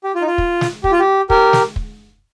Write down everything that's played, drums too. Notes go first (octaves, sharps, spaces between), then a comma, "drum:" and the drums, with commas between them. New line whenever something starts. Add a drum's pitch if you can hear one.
G4
F4
D#4
F4
drum: kick
drum: snare
G4, drum: kick
F4
G4
G4 A#4, drum: kick
drum: snare
drum: kick